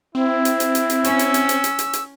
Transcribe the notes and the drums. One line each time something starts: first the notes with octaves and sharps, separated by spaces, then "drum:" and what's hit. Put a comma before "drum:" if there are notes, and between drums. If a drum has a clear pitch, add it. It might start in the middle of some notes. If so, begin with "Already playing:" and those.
C4 E4
drum: hi-hat
drum: hi-hat
drum: hi-hat
drum: hi-hat
C#4 E6, drum: hi-hat
drum: hi-hat
drum: hi-hat
drum: hi-hat
drum: hi-hat
drum: hi-hat
drum: hi-hat